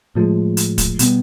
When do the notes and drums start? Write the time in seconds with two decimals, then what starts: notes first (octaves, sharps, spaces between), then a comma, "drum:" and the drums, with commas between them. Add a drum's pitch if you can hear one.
0.15 A2 F3 G#3
0.57 drum: hi-hat
0.78 drum: kick, hi-hat
0.99 B2 G3 B3, drum: hi-hat